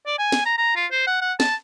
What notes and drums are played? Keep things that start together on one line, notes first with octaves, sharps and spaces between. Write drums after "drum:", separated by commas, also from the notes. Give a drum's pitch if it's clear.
D5
G#5
drum: snare
A#5
A#5
F4
C5
F#5
F#5
A5, drum: snare